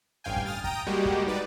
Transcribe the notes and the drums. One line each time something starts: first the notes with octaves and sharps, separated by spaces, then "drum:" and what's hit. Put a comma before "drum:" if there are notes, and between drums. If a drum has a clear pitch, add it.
A1 G2 F5 G5 G#5
drum: kick
D#6 F6 A6
G5 A#5 D#6, drum: kick
G3 G#3 A#3 F#4 G4
drum: kick
D#4 B4 D5